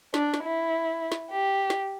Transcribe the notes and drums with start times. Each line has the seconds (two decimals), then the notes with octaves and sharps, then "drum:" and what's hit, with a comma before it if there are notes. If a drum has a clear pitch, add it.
0.14 D4, drum: snare
0.34 drum: snare
0.43 E4
1.12 drum: snare
1.31 G4
1.70 drum: snare